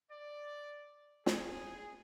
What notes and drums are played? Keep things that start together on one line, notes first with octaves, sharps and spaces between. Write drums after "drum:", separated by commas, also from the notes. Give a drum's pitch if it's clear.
D5
G#4, drum: snare